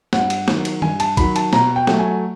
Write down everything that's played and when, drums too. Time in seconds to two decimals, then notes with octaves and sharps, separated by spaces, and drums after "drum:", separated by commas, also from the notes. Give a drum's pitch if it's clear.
0.13 G2 F#5, drum: snare
0.30 drum: cymbal
0.48 D#3 F#3, drum: snare
0.65 drum: cymbal
0.82 G2 G#5, drum: tom D#3
1.00 A5, drum: cymbal
1.17 D#3 F#3 B5, drum: kick, cymbal
1.36 A5, drum: cymbal
1.53 B2 A#5, drum: snare
1.76 G5
1.87 F#3 A3, drum: snare
1.99 G#5